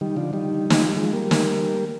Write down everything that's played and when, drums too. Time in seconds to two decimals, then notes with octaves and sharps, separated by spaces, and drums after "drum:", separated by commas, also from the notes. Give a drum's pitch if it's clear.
0.01 D#3 G3
0.16 D3 F3
0.33 D#3 G3
0.70 D#3, drum: snare
0.80 F3
0.88 G3
0.97 F3 G#3
1.13 G3 A#3
1.31 drum: snare